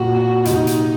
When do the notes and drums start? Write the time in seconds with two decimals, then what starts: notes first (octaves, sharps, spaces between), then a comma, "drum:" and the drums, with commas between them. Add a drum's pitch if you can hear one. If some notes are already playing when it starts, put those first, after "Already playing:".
Already playing: A#2 F#4
0.45 C3 D#4, drum: hi-hat
0.67 drum: hi-hat